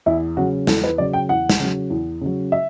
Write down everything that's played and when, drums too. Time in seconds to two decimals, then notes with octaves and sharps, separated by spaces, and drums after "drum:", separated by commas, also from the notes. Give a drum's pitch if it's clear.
0.06 E2 E4
0.37 C#3 F#3 F#4
0.67 E2 A4, drum: snare
0.84 B4
0.98 C#3 F#3 D5
1.13 G5
1.29 E2 F#5
1.50 drum: snare
1.60 C#3 F#3
1.90 E2
2.21 C#3 F#3
2.52 E5